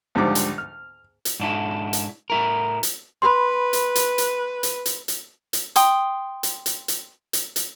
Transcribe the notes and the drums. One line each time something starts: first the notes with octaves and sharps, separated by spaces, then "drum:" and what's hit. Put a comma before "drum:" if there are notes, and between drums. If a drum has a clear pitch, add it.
C#2 G#2 D3 F3 G3 D6
drum: hi-hat
F6
drum: hi-hat
G#2 D4 E4
drum: hi-hat
A2 E4 A#4
drum: hi-hat
B4 B5 C6
drum: hi-hat
drum: hi-hat
drum: hi-hat
drum: hi-hat
drum: hi-hat
drum: hi-hat
drum: hi-hat
G5 C6 D#6, drum: hi-hat
drum: hi-hat
drum: hi-hat
drum: hi-hat
drum: hi-hat
drum: hi-hat